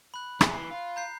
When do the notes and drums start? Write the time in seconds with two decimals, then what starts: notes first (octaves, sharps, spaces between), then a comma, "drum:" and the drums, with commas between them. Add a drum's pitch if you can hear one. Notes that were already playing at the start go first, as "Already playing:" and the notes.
0.14 B5 F#6
0.41 E4 G#4, drum: rim click
0.55 E3 C7
0.71 F4
0.96 A#5 G6 C7